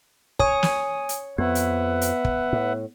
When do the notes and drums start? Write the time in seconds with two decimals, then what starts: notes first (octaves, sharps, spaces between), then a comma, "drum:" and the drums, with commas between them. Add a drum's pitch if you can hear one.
0.39 C#5 G#5 D#6, drum: kick
0.63 drum: snare
1.09 drum: hi-hat
1.38 F2 B3 B4 E5 F#5
1.55 drum: hi-hat
2.01 drum: hi-hat
2.25 drum: kick
2.53 A2